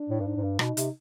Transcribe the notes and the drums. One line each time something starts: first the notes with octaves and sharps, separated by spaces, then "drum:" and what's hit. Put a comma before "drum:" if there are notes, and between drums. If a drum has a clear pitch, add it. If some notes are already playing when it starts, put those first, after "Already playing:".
Already playing: D4
A2
G2
G#2
G#2
G2
B2 D#4, drum: rim click
C3, drum: hi-hat